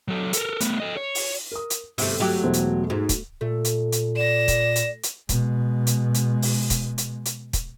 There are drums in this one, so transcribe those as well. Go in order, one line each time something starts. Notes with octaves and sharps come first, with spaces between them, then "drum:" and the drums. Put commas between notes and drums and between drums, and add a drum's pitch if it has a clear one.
F#3 A4
A4 A#4, drum: hi-hat
A3 B3, drum: hi-hat
A4 D#5
C#5
drum: open hi-hat
A#4 D#6
drum: hi-hat
G1 C3 A3, drum: open hi-hat
F#3 A3 G4
E1 E2 C5
drum: hi-hat
G#2 F#4
drum: kick, hi-hat
A#2 A3
drum: hi-hat
drum: hi-hat
D5 A#6 E7
drum: kick, hi-hat
drum: hi-hat
drum: hi-hat
B2 G#3, drum: kick, hi-hat
drum: hi-hat
drum: hi-hat
drum: open hi-hat
drum: kick, hi-hat
drum: hi-hat
drum: hi-hat
drum: kick, hi-hat